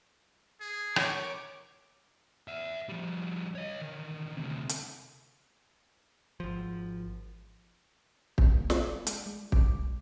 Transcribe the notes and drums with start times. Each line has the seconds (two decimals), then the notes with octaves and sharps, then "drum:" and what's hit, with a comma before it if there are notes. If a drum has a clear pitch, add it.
0.61 G#4
0.96 A#4 C#5 D6, drum: rim click
2.48 E5 F#5
2.89 F3 G3
3.55 C#5 D#5
3.81 D3 D#3
4.37 D2 C3
4.69 drum: hi-hat
6.40 G#1 F3
8.38 drum: kick
8.53 A#3
8.70 G#3, drum: snare
8.84 D5
9.07 G#3, drum: hi-hat
9.26 G#3
9.52 D6, drum: kick
9.69 C2